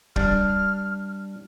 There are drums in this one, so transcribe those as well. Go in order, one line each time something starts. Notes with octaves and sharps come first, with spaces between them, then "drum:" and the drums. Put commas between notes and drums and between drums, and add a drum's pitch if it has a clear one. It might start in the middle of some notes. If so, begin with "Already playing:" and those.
G3 D4 F6, drum: kick